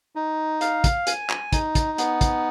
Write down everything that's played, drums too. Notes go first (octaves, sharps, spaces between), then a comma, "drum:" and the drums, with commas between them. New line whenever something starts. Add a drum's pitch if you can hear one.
D#4
F5, drum: hi-hat
drum: kick, hi-hat
G#5, drum: hi-hat
drum: clap
D#4, drum: kick, hi-hat
drum: kick, hi-hat
B3, drum: hi-hat
drum: kick, hi-hat